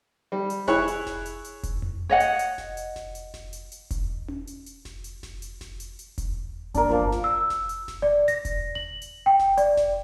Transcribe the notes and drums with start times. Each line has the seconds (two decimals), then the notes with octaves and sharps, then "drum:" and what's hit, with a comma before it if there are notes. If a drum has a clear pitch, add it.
0.32 G3
0.50 drum: hi-hat
0.68 E4 G#4 C#5 C#6 F#6, drum: snare F1
0.88 drum: hi-hat
1.07 drum: snare F1
1.26 drum: hi-hat
1.44 drum: hi-hat
1.63 drum: kick E1, hi-hat
1.82 drum: tom F2
2.09 C#5 D#5 F#5
2.20 drum: hi-hat
2.39 drum: hi-hat
2.58 drum: snare F1
2.77 drum: hi-hat
2.96 drum: snare F1
3.15 drum: hi-hat
3.34 drum: snare F1
3.53 drum: hi-hat
3.72 drum: hi-hat
3.91 drum: kick E1, hi-hat
4.28 drum: tom C#4
4.47 drum: hi-hat
4.66 drum: hi-hat
4.85 drum: snare F1
5.04 drum: hi-hat
5.23 drum: snare F1
5.42 drum: hi-hat
5.61 drum: snare F1
5.80 drum: hi-hat
5.99 drum: hi-hat
6.18 drum: kick E1, hi-hat
6.74 G1 D#2 D4 A#4, drum: hi-hat
6.90 F3 A#3
7.12 drum: snare F1
7.24 E6
7.50 drum: snare F1
7.69 drum: hi-hat
7.88 drum: snare F1
8.02 D5
8.28 A#6, drum: hi-hat
8.45 drum: kick E1, hi-hat
8.75 F#7
9.02 drum: hi-hat
9.26 G5
9.39 drum: snare F1
9.57 D5, drum: hi-hat
9.77 drum: snare F1